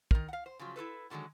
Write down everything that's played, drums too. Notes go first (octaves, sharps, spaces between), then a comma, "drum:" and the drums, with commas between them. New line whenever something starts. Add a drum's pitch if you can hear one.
D#3 A#4, drum: kick
F5 F#5
C5
C#3 F3 F#3
E4 F#4 A4 B4
A2 D3 D#3 F#3 G#3